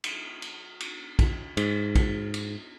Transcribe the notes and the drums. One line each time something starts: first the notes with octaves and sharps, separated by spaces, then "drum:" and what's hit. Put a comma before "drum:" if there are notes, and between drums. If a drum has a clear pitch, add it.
drum: cymbal
drum: cymbal
drum: cymbal
drum: kick A#1, cymbal
G#2, drum: cymbal
drum: kick A#1, cymbal
drum: cymbal